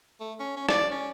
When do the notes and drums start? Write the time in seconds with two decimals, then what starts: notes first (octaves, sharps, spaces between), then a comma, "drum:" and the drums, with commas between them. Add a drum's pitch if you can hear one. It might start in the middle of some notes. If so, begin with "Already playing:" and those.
0.20 A3
0.40 C#4
0.57 C#4
0.69 D5, drum: rim click
0.91 C#4